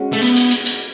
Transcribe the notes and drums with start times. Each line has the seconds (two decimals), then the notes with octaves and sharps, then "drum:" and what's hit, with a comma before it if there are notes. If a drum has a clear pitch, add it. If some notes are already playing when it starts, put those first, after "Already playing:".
Already playing: G#3 C#4 F#4
0.13 A3
0.22 B3, drum: open hi-hat
0.36 drum: hi-hat
0.51 drum: hi-hat
0.66 drum: hi-hat